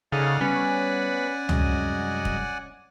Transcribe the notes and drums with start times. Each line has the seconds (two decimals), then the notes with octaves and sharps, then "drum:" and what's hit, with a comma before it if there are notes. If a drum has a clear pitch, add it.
0.12 C#3 D#4 A4 D5 F5 F#5 G#5
0.41 G3 B3 C#4 B4
1.49 F#2 C3 G3 G#3 D#5, drum: tom C#2
2.25 drum: kick